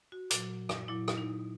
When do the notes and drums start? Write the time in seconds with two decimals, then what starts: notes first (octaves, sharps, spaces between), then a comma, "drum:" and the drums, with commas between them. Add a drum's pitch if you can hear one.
0.12 F#4
0.30 A#2 F#3, drum: hi-hat
0.69 drum: rim click
0.88 A#2 F#3 E4
1.08 drum: rim click
1.18 D#4